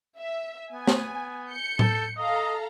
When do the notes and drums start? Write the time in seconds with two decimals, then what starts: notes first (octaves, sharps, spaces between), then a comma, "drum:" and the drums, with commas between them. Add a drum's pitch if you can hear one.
0.18 E5
0.72 B3 G#5
0.87 drum: snare
1.49 G6 C#7
1.79 A4, drum: tom A2
2.17 A4 D#5 F5 A#5